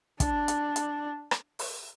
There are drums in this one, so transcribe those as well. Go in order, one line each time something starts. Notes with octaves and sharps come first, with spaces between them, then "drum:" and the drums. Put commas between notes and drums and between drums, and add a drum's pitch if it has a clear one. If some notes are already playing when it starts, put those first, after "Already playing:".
D4, drum: kick, hi-hat
drum: hi-hat
drum: hi-hat
drum: rim click
drum: open hi-hat